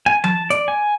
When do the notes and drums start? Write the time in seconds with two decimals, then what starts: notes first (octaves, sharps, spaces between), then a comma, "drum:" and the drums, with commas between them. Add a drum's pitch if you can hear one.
0.06 G#5
0.24 A5, drum: tom F3
0.50 D5, drum: hi-hat
0.68 G#5